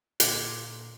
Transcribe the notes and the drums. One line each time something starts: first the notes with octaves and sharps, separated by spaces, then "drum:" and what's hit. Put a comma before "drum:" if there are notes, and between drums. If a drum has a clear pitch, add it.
A#2 D3 C6 D6 G#6 F#7, drum: hi-hat